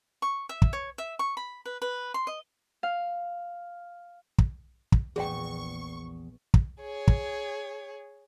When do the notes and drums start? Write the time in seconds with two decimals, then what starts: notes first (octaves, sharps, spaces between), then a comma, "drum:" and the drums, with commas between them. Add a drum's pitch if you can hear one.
0.22 C#6
0.49 E5
0.62 drum: kick
0.73 C#5
0.98 E5
1.19 C#6
1.37 B5
1.66 B4
1.82 B4
2.14 C6
2.27 D#5
2.83 F5
4.38 drum: kick
4.92 drum: kick
5.16 A#1 E2 G#4 D5 G5 C#6
6.54 drum: kick
6.81 G#4 C#5
7.08 drum: kick